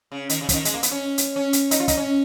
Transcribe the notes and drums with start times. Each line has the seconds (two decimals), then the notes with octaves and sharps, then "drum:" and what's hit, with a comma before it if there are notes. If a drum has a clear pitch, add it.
0.12 C#3
0.29 D#3, drum: hi-hat
0.41 C#3
0.49 F3, drum: kick, hi-hat
0.54 D#3
0.65 G#3, drum: hi-hat
0.74 A#3
0.83 B3, drum: hi-hat
0.91 C#4
1.18 drum: hi-hat
1.36 C#4
1.53 drum: hi-hat
1.71 D#4, drum: hi-hat
1.80 F4
1.88 D#4, drum: kick, hi-hat
1.97 C#4